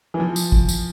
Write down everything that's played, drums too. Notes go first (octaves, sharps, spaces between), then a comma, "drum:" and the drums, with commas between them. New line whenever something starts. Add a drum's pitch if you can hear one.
E3
F3
drum: tambourine
drum: kick
drum: tambourine